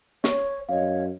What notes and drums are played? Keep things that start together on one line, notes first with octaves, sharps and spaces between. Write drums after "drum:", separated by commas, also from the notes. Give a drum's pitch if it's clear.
C#5 C#6, drum: snare
F#2 C#5 D#5 F5